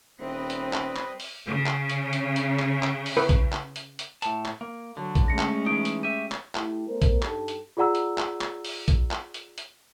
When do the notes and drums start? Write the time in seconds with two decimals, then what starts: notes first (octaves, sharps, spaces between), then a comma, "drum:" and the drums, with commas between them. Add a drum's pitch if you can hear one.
0.19 D#1 G3 C4 B4 C5 D#5
0.50 drum: hi-hat
0.73 drum: clap
0.96 drum: clap
1.20 drum: open hi-hat
1.46 C#3
1.66 drum: clap
1.90 drum: hi-hat
2.13 drum: hi-hat
2.36 drum: hi-hat
2.59 drum: clap
2.83 drum: clap
3.06 drum: open hi-hat
3.17 B4
3.29 drum: kick A#1, hi-hat
3.52 drum: clap
3.76 drum: hi-hat
3.99 drum: hi-hat
4.22 A2 A5, drum: hi-hat
4.46 drum: clap
4.61 A#3
4.97 D3 F#3
5.15 drum: kick A#1, hi-hat
5.28 G#3 A3 C#4 A#6 C#7
5.39 drum: clap
5.66 E3 D#4 D7
5.85 drum: hi-hat
6.03 G4 E5 D#7
6.32 drum: clap
6.55 A3 E4 G4, drum: clap
6.86 G3 A3 B3 A#4 C5
7.02 drum: kick A#1, hi-hat
7.23 G2 D#4 G4 A4, drum: clap
7.48 drum: hi-hat
7.77 F4 G#4 D5 F#5 A#5 E6
7.95 drum: hi-hat
8.18 drum: clap
8.41 drum: clap
8.65 drum: open hi-hat
8.88 drum: kick A#1, hi-hat
9.11 drum: clap
9.34 drum: hi-hat
9.58 drum: hi-hat